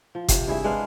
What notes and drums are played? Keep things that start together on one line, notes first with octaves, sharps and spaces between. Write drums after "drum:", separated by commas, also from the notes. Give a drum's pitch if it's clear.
F3
C3, drum: kick F#1, hi-hat
G2 E4 G#4 E5
G#3 D4 B4 F5